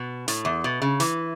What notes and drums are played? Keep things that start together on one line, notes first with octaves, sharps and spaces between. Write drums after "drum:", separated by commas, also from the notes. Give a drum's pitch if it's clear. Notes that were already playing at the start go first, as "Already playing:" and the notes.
Already playing: B2
A2, drum: hi-hat
E2
B2
C#3
E3, drum: hi-hat